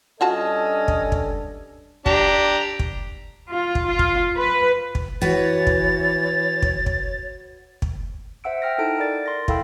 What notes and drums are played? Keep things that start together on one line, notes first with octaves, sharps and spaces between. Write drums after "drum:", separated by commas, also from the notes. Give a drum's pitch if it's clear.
G2 C#4 D4 F4 F#4 A4 D#5 A5
drum: kick
drum: kick
D4 G4 A#5, drum: kick
drum: kick
F4
drum: kick
F4
drum: kick
B4
drum: kick
E3 F#4 B4 C#5 A6
drum: kick
drum: kick
drum: kick
drum: kick
C5 E5 F#5 E6 D7
F#5 G5 F6 A#6
D#4 E4 A4 A5 D7
A#4 D5 A6
C6 A#6
E4 A4 F5 G5 B5 E6, drum: kick